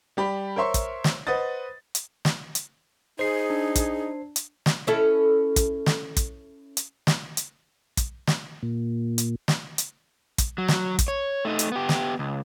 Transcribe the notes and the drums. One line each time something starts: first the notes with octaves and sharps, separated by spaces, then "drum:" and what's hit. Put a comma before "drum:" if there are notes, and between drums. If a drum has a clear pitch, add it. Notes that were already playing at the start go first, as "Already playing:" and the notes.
G3 G4 B5
A#4 C5 C#5 E5 C6 C#6
drum: kick, hi-hat
drum: snare
B4 C5 D#5 F#5 D#6 A6
drum: hi-hat
drum: snare
drum: hi-hat
D#4 G#4 C5 C7
D4
drum: kick, hi-hat
drum: hi-hat
drum: snare
C#4 E4 A4
drum: kick, hi-hat
drum: snare
drum: kick, hi-hat
drum: hi-hat
drum: snare
drum: hi-hat
drum: kick, hi-hat
drum: snare
A#2
drum: hi-hat
drum: snare
drum: hi-hat
drum: kick, hi-hat
F#3
drum: snare
drum: kick, hi-hat
C#5
A3 D#4
drum: hi-hat
B3 G4
drum: snare
C#2